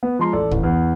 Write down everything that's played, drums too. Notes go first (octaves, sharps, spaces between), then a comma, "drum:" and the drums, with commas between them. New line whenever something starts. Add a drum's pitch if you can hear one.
B3
F3 G#3 A#5 C6
A1 A4 D5
A1, drum: kick
E2